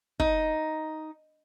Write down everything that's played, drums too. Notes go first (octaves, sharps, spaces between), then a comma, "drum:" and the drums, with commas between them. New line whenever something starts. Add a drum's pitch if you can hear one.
D#4, drum: kick